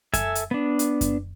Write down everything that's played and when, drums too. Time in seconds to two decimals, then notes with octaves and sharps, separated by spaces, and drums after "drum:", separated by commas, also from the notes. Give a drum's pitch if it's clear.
0.14 A4 E5 G#5, drum: kick F#2, hi-hat
0.35 drum: hi-hat
0.51 B3 D4
0.79 drum: hi-hat
1.01 drum: kick F#2, hi-hat